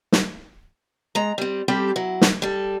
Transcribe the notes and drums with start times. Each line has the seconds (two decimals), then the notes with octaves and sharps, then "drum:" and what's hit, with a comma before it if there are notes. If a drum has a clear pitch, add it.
0.12 drum: snare
1.15 G#3 A#5
1.38 G3 C4
1.68 G3 C4 G4 A4
1.96 F#3 E4
2.21 drum: snare
2.42 G3 A4